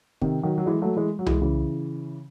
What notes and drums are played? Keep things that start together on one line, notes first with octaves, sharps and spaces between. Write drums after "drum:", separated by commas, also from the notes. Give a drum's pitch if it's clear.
C3 D#3, drum: kick
D#3 F#3
F#3
E3 G#3
F#3 A3
E3 G#3
F#3
E3 G#3, drum: tom C2
C#3 E3